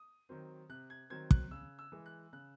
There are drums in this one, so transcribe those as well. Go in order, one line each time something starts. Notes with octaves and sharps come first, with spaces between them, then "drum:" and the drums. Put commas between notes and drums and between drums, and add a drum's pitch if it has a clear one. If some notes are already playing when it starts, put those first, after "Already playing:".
Already playing: D#6
D#3 F#3 C4
C3 F#6
G#6
D#3 F#3 C4 G#6
F#6, drum: kick
C#3 E6
E6
E3 G#3
F#6
C#3 F#6